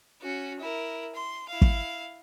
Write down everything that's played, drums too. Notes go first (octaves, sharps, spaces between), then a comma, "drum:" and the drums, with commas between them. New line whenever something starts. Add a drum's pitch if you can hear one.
C#4 F#4
E4 A#4
C6
E4 F5
drum: kick